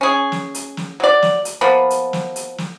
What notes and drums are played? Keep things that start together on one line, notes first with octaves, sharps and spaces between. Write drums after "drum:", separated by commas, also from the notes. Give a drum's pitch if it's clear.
C#4 G#4
drum: snare
drum: hi-hat
drum: snare
F#3 D5
drum: snare
drum: hi-hat
F3 A#3 B3
drum: hi-hat
drum: snare
drum: hi-hat
drum: snare